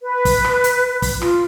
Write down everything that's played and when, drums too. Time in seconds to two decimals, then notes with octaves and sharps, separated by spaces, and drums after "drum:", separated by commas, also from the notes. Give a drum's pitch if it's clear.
0.02 B4
0.25 drum: kick, open hi-hat
0.44 drum: rim click
0.64 drum: hi-hat
1.02 drum: kick, open hi-hat
1.22 F4, drum: rim click